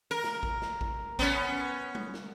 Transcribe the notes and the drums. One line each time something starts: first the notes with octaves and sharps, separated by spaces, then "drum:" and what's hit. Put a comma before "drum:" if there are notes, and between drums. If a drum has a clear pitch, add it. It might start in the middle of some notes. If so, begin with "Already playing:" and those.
A#4
drum: snare
drum: kick A1
drum: snare
drum: kick A1
B3 C#4, drum: kick A1
drum: tom G3
drum: snare